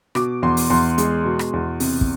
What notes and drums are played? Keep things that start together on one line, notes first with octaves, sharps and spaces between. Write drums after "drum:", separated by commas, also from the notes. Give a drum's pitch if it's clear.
B2 D6, drum: rim click
E2 C6
drum: open hi-hat
E2 C6
G#3, drum: hi-hat
B2
drum: rim click
E2
C3, drum: open hi-hat
drum: kick